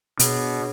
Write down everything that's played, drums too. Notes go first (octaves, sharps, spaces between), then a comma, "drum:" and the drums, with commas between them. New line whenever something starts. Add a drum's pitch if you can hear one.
B2 D4 G#4 C#5, drum: hi-hat